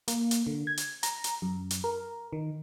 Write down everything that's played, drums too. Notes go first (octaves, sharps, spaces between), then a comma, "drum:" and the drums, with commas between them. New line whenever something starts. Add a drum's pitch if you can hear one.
A#3, drum: hi-hat
drum: hi-hat
D3
G#6
drum: hi-hat
A#5, drum: hi-hat
drum: hi-hat
F#2
drum: hi-hat
A#4
D#3